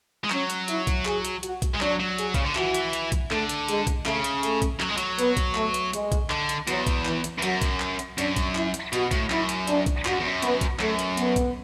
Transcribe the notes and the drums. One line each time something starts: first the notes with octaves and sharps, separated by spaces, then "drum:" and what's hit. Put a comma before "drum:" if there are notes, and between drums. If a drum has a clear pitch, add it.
G#3
F#3 C#4, drum: clap
drum: hi-hat
E4, drum: hi-hat
drum: kick B1, hi-hat
G#4, drum: clap
drum: hi-hat
F#4, drum: hi-hat
drum: kick B1, hi-hat
G#3
F#3 D4, drum: clap
F#3
G#4, drum: hi-hat
C#3, drum: kick B1, hi-hat
D3
E3 F#4, drum: clap
drum: hi-hat
drum: hi-hat
drum: kick B1, hi-hat
D3 A3, drum: clap
drum: hi-hat
G#3, drum: hi-hat
drum: kick B1, hi-hat
C#3 A3, drum: clap
drum: hi-hat
A3, drum: hi-hat
drum: kick B1, hi-hat
F#3, drum: clap
G#3
F#3, drum: hi-hat
B3, drum: hi-hat
drum: kick B1, hi-hat
A3, drum: clap
drum: hi-hat
G#3, drum: hi-hat
drum: kick B1, hi-hat
D3, drum: clap
drum: hi-hat
E2 F#3, drum: hi-hat
drum: kick B1, hi-hat
E3, drum: clap
drum: hi-hat
E2
F#2 F#3, drum: hi-hat
drum: kick B1, hi-hat
drum: clap
drum: hi-hat
F#2 D4, drum: hi-hat
drum: kick B1, hi-hat
E4, drum: clap
drum: hi-hat
B2 F#4, drum: hi-hat
A2, drum: kick B1, hi-hat
F#2 E4, drum: clap
drum: hi-hat
D4, drum: hi-hat
drum: kick B1, hi-hat
G#2 F#4, drum: clap
F#2
E2
F#2
B3, drum: hi-hat
drum: kick B1, hi-hat
F#2 A3, drum: clap
drum: hi-hat
B3, drum: hi-hat
drum: kick B1, hi-hat